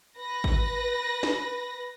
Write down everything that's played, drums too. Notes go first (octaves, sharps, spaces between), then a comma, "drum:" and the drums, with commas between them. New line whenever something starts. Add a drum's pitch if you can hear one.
B4 A#6
drum: kick G#1
drum: snare